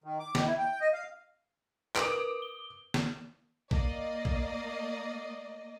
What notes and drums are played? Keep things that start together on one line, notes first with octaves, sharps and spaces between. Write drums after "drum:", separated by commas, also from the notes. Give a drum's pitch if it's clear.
D#3
D6
D#3, drum: snare
E4
G5
D#5
F5
A#4 B4 D6 D#6 D7, drum: clap
G7
drum: snare
A#3 D5 D#5, drum: kick A#1
drum: kick A#1